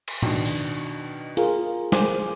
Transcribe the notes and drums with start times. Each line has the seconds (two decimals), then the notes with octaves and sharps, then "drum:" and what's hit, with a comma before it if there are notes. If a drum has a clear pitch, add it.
0.08 drum: cymbal
0.22 B2 D#3 D4, drum: tom A2
0.45 drum: open hi-hat
1.37 F4 G#4 A#4, drum: hi-hat
1.92 C5 G#5 D6, drum: snare